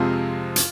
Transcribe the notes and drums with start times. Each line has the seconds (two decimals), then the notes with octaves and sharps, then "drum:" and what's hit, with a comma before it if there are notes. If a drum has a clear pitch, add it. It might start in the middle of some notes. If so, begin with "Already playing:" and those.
Already playing: F2 C3 F3 G#3 C4 F4
0.56 drum: hi-hat